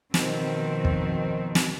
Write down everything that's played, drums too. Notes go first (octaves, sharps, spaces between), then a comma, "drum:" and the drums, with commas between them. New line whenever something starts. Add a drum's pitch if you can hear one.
B2 D#3 F3 C4, drum: snare
drum: kick
drum: snare